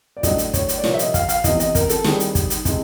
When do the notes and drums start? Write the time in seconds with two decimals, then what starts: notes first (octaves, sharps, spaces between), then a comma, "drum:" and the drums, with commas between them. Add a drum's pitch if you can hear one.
0.17 D5
0.23 A2 F#3 A3 D4 D#5, drum: kick, hi-hat
0.38 drum: hi-hat
0.54 C#5, drum: kick, hi-hat
0.69 drum: hi-hat
0.78 D5
0.84 C2 A#2 F3 A#3 C#5, drum: snare
0.94 E5
0.99 D#5, drum: hi-hat
1.14 F5, drum: kick, hi-hat
1.29 F5, drum: hi-hat
1.44 E2 C3 E3 D#5, drum: kick, hi-hat
1.60 D#5, drum: hi-hat
1.75 A#4, drum: kick, hi-hat
1.89 A4, drum: hi-hat
2.04 D#2 D#3 G3 C4 E4 G#4, drum: snare
2.20 drum: hi-hat
2.35 drum: kick, hi-hat
2.50 drum: hi-hat
2.65 C3 E3 G#3, drum: kick, hi-hat